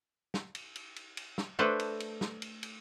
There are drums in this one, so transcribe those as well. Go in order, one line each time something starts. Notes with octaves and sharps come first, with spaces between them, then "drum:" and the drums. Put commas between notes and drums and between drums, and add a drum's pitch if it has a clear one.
drum: snare
drum: cymbal
drum: cymbal
drum: cymbal
drum: cymbal
drum: snare
A3 D4 A4 B4 C5
drum: cymbal
drum: cymbal
drum: snare
drum: cymbal
drum: cymbal